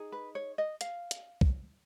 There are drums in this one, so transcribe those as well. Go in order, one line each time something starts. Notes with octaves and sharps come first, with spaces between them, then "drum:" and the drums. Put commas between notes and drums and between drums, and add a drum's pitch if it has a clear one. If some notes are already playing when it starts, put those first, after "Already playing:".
Already playing: D#4 G#4
B4
C#5
D#5
F5, drum: hi-hat
drum: hi-hat
drum: kick